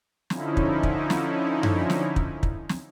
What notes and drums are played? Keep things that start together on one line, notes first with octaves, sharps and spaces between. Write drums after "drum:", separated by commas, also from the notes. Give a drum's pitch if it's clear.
D3 F3 C#4 D#4 E4, drum: snare
drum: kick
drum: kick
drum: snare
drum: tom F#2
drum: snare
drum: kick
drum: kick
drum: snare